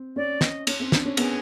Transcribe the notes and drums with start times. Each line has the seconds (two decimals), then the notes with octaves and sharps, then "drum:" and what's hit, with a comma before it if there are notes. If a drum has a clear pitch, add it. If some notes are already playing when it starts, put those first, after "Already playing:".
Already playing: C4
0.16 C#4 D5
0.41 D#5, drum: snare
0.67 C#4, drum: cymbal
0.80 C4
0.92 D4, drum: snare
1.05 C#4
1.17 B3 G#4, drum: cymbal